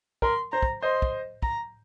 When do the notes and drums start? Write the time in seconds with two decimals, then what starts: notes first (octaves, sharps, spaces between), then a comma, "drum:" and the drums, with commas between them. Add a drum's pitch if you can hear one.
0.22 A#4 C6, drum: kick
0.52 C5 A#5
0.63 drum: kick
0.82 C5 D#5 C6
1.02 drum: kick
1.43 A#5, drum: kick